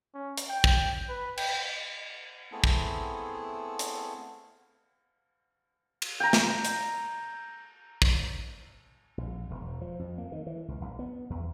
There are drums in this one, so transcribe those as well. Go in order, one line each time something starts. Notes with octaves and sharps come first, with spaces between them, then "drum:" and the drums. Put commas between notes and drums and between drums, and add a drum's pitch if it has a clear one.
C#4
drum: hi-hat
G5
drum: kick
B4
G5, drum: cymbal
A3 B3 C4 E4 G#4 A4
drum: kick
drum: hi-hat
drum: cymbal
G5 A#5
drum: snare
drum: hi-hat
drum: kick
A#1
E1
F3
F2
A#3
D#3
E3
C#2
A#1
B3
E2